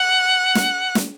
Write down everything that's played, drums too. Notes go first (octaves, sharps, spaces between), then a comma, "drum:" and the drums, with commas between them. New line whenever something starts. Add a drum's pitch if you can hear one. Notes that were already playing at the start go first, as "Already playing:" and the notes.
Already playing: F#5
drum: snare
drum: snare